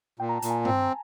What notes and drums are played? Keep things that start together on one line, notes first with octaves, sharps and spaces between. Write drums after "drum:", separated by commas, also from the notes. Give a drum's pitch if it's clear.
A#2 G5
A#5
A5
A#2, drum: hi-hat
G#5
C4, drum: tom G2